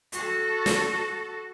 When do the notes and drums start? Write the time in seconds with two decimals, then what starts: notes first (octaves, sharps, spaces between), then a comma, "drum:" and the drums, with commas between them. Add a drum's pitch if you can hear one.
0.12 F#4 A4, drum: hi-hat
0.66 drum: snare